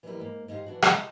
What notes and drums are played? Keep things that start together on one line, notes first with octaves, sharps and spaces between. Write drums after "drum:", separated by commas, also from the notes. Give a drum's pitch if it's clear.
E3 F#3 G3 A3 A#3 E4
G#2 A#3
G#2 G#3 D#4 E4 G4 F5
E3 D4 F#4
D#5, drum: rim click